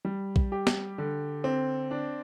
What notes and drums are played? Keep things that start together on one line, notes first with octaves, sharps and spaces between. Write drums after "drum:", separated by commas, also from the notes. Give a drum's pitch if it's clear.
G3
drum: kick A#1
G4
drum: snare
D3
C4
D4